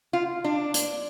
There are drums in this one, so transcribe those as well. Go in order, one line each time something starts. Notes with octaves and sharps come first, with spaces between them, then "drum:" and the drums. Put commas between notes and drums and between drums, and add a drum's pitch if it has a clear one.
F4
D4
drum: hi-hat